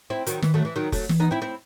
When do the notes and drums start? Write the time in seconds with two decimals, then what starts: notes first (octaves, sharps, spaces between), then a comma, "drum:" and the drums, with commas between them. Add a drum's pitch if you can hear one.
0.10 C4 E4
0.27 D#3 F#3, drum: hi-hat
0.42 D#3 E3, drum: snare
0.54 F#3 A3
0.65 E3
0.76 D#3 F#3
0.92 F#3 A3, drum: kick F1, open hi-hat
1.09 E3, drum: snare
1.20 B3 D#4
1.31 C4 E4
1.42 C4 E4